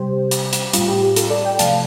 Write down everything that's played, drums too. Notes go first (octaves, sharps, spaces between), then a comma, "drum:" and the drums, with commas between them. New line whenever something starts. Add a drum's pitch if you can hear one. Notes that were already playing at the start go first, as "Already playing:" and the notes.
Already playing: C3 G3 G4 C5
drum: hi-hat
drum: hi-hat
A2 G3 F4, drum: hi-hat
G4
G4
F4 A4, drum: hi-hat
A4 D5
D5 G5
C3 F3 A3 F5 A5, drum: hi-hat